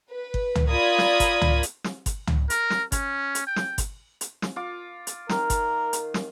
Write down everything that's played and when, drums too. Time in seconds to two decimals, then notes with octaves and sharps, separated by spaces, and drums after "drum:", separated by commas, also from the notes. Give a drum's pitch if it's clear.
0.11 B4
0.34 drum: kick G1
0.55 drum: tom
0.70 F4 A#4 D5 B5 D#6 G#6
0.98 drum: snare
1.20 drum: kick G1, hi-hat
1.41 drum: tom
1.63 drum: hi-hat
1.84 drum: snare
2.06 drum: kick G1, hi-hat
2.27 drum: tom
2.50 A#4, drum: hi-hat
2.70 drum: snare
2.92 C#4, drum: kick G1, hi-hat
3.35 drum: hi-hat
3.47 G5
3.56 drum: snare
3.78 drum: kick G1, hi-hat
4.21 drum: hi-hat
4.42 drum: snare
4.56 F4 D6
5.07 drum: hi-hat
5.29 D#3 A#4, drum: snare
5.50 drum: kick G1, hi-hat
5.93 drum: hi-hat
6.14 drum: snare